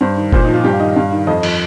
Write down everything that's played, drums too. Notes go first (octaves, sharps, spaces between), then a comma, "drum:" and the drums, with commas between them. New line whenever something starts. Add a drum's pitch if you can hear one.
G2 C5
D#3
A#2 C5, drum: kick F#1
F3 D#4
F4
G2 G4
F5
D#3 D#5
G2 F5
D#3
F2 D#5
F3, drum: cymbal